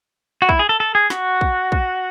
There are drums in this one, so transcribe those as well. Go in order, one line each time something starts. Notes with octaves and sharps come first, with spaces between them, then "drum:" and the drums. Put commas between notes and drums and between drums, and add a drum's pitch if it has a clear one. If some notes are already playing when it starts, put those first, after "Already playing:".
F#4
E4, drum: kick
G#4
A4
A4
G#4
F#4, drum: snare
drum: kick
drum: kick